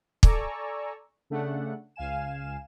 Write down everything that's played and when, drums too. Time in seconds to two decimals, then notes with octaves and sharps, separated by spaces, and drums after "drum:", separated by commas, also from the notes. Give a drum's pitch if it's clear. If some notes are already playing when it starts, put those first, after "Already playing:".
0.23 A4 D5 G#5 A#5 C#6 E6, drum: kick
1.30 C#3 A3 D4 F#5
1.96 C#2 F5 G#5 E7